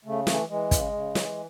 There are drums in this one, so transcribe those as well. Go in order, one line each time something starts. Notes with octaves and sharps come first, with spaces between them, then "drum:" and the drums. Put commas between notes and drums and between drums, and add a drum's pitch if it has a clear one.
C#3 A3
E3 A3, drum: snare
E3 G#3
C#3, drum: kick, hi-hat
C#3
E3, drum: snare